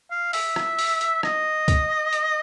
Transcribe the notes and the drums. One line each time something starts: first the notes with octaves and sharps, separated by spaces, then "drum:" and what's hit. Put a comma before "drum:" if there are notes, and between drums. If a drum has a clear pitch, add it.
F5
E5, drum: open hi-hat
drum: rim click
drum: open hi-hat
drum: hi-hat
D#5, drum: rim click
drum: kick C#2, hi-hat
drum: hi-hat